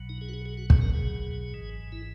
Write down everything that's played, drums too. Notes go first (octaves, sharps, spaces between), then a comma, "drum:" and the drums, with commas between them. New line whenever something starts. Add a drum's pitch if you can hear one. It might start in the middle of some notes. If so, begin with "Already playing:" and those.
Already playing: B1 B2 F#3
D#4
G#4
F#4
G#4
G#4
F#4
G#4, drum: kick
A#4
G#4
G#1 G#2 E3
E4